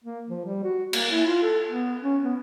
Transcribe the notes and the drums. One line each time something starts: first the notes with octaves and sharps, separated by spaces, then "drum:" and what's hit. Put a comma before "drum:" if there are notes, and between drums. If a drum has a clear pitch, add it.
A#3
F3
G3
F#4
A#3, drum: cymbal
E4
F4
A4
B3
C#4
B3